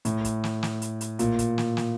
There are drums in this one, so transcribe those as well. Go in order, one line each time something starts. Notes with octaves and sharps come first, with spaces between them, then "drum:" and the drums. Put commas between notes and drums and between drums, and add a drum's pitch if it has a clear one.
A2, drum: hi-hat
drum: kick, hi-hat
drum: snare
drum: snare
drum: hi-hat
drum: hi-hat
A#2, drum: hi-hat
drum: kick, hi-hat
drum: snare
drum: snare